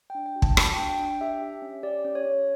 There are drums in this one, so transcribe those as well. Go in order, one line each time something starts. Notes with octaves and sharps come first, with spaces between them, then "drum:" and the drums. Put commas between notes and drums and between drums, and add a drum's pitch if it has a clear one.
D4 G5
G5
F#4
A5, drum: kick
F#4 A5, drum: rim click
G5
D4
G5
D4
G5
G4 E5
G4
C#4
G4 D5
C#4
C#5
C#4